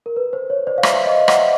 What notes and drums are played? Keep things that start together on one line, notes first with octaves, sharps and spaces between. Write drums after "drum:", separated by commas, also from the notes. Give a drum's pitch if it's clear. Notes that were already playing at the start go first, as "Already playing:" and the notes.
A#4
B4
C5
C#5
C5 D5
F5
D5 E5, drum: rim click
D#5 F5
E5 F#5, drum: rim click